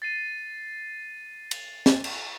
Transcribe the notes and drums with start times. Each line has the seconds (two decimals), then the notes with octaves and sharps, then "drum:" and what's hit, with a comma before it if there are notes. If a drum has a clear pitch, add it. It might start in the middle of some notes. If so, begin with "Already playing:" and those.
0.02 A6 C7 D#7
1.51 drum: cymbal
1.86 drum: snare
2.04 drum: cymbal